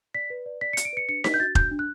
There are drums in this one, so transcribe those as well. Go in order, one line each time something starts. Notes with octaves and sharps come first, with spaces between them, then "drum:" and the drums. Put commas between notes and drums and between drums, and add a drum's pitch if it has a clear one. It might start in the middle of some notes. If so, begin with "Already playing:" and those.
D5 B6
B4
D5
D5 B6
C#7
D5, drum: hi-hat
D7
B4 C#7
D4 C#7
D4 B6, drum: snare D#4
G6
F#4 A6
D4 G6, drum: kick F1
D4
F#6